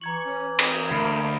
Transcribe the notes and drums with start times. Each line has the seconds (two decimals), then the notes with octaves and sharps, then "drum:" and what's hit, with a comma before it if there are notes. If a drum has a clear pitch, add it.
0.01 E3 A#5 C#6 G#6 F#7
0.26 C#4
0.59 A#3 C4 D#6, drum: cymbal
0.91 D2 A3 A#3 A#4 B5 D7